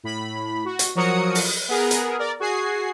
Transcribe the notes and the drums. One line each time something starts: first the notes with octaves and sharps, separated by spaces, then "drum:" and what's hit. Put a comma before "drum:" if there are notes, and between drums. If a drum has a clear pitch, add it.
A2 B5
F#4
drum: hi-hat
F3 F#3 F#4 A#4 D#6 C#7
drum: open hi-hat
B3 G#4 A#4
drum: hi-hat
A#4 D5
F#4 G#4 G#5 C7